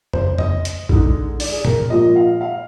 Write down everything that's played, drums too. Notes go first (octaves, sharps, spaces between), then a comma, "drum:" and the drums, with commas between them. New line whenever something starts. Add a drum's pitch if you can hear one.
C5, drum: tom F2
D#5, drum: tom F2
drum: hi-hat
D3 G#3 D#4, drum: kick A#1
D5, drum: open hi-hat
G#4
A#4, drum: tom
A#2 F3 G#3 D#5
F5
F5